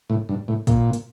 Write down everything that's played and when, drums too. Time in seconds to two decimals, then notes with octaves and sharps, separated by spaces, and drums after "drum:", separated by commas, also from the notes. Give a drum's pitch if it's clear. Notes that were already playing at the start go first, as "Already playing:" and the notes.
0.10 A2
0.29 G2
0.48 A2
0.67 A#2, drum: kick, hi-hat
0.93 drum: hi-hat